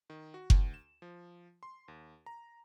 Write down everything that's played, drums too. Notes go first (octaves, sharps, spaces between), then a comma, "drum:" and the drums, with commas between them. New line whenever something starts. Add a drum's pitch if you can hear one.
D#3
F#4
D2, drum: kick F#1
E7
F3
C6
D#2
A#5